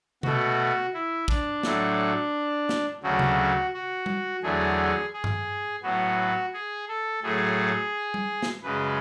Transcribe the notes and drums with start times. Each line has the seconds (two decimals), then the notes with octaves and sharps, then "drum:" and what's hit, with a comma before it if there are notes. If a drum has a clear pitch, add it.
0.23 B2 A3 F#4, drum: tom C3
0.94 E4
1.28 D4, drum: kick
1.63 A2 F#3 A3, drum: snare
2.69 drum: snare
3.03 D2 C#3 F#3 A3 F#4
3.19 drum: tom C3
3.73 F#4
4.06 drum: tom G3
4.43 E2 D3 F#3 A3 G#4
5.13 G#4
5.24 drum: tom G2
5.83 A2 F#3 B3 F#4
6.53 G#4
6.88 A4
7.23 A2 F#3 A3 G#4
8.14 drum: tom G3
8.43 drum: snare
8.63 F#2 C#3 G#3 B4